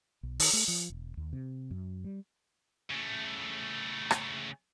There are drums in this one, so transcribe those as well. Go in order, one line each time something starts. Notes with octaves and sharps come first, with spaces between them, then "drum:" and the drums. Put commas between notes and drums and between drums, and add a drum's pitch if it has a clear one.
B1
D#3, drum: open hi-hat
A3
F3
E1
D#2
C3
F#2
G3
C#3 A3
drum: rim click